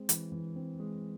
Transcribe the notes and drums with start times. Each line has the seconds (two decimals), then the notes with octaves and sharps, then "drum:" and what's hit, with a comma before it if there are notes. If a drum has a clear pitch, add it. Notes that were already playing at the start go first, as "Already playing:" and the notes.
Already playing: G#3 C4
0.09 E3, drum: hi-hat
0.32 E3
0.56 C4
0.80 G#3